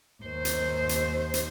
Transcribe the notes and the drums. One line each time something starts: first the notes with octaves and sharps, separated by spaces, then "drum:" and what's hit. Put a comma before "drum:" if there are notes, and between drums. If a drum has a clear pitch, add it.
D#2 C5
drum: hi-hat
drum: hi-hat
drum: hi-hat